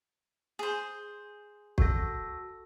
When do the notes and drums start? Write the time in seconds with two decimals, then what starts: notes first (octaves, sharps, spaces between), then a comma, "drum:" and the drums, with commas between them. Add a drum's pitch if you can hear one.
0.59 G#4 C5
1.78 F#4 A4 A#6, drum: kick